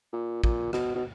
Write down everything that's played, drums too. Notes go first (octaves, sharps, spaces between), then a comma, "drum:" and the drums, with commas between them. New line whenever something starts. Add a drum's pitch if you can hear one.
A#2
A#2, drum: kick
B2, drum: rim click
B2